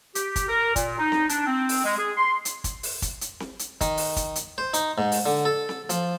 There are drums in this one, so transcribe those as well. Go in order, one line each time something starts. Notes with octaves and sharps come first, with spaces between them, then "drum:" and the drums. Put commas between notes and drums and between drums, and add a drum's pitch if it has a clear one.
G4, drum: hi-hat
drum: kick, hi-hat
A#4
A#2, drum: kick, hi-hat
D#4
drum: snare C4
D4, drum: hi-hat
C4
drum: open hi-hat
G#3
G#4
C6
drum: hi-hat
drum: kick, hi-hat
drum: open hi-hat
drum: kick, hi-hat
drum: hi-hat
drum: snare C4
drum: hi-hat
D#3, drum: kick, hi-hat
drum: open hi-hat
drum: kick, hi-hat
drum: hi-hat
C5
D#4, drum: hi-hat
G#2
drum: open hi-hat
D3
A4
drum: snare C4
F3, drum: hi-hat